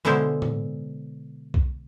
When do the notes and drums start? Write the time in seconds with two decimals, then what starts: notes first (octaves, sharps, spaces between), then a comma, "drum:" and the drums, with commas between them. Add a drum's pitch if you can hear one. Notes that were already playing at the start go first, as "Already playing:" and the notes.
0.05 B2 D3 G#3 E4 C5
0.42 drum: tom A2
1.54 drum: kick B1